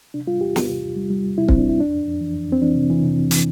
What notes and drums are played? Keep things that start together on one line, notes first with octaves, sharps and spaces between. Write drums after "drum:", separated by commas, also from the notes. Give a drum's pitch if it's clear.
C3 D4
G3 F4
E2 G4
E2, drum: snare
C3
E2
G3
G3
E2
C3 E4
C4, drum: kick
E2
D4
E2 E4
F2 D4
F2
F2
E3
F2
F2 C4
E3 D4
C3
E3
C3
F2
E3, drum: hi-hat